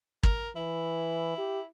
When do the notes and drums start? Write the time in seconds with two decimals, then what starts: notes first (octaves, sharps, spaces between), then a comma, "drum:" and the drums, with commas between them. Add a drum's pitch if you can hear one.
0.23 A#4, drum: kick
0.56 E3 E4
1.38 G4